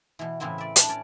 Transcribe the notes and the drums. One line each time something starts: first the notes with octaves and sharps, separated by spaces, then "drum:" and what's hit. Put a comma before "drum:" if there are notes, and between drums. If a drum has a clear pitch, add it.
B2 E3
A2 C#3 E3 C4 E4
D5 E5
D4, drum: hi-hat
C#4 D5 A5